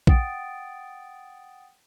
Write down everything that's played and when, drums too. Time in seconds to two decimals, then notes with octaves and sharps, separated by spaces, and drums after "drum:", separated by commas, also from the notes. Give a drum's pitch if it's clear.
0.07 F#5 G5 D#6 A6 D7, drum: kick A#1